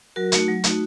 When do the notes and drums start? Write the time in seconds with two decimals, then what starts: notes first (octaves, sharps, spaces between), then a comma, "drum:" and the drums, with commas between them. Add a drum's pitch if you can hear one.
0.16 F#3 F#4 A#4
0.32 A3 D#4 F#4, drum: hi-hat
0.48 F#3
0.64 A3 D#4 F#4, drum: hi-hat